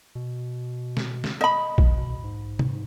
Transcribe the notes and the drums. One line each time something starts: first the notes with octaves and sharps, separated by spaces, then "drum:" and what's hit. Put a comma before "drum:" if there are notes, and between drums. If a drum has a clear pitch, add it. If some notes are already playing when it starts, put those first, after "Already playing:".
B2
drum: snare
drum: snare
D#5 B5
drum: kick A#1
B2
G#2
drum: tom C3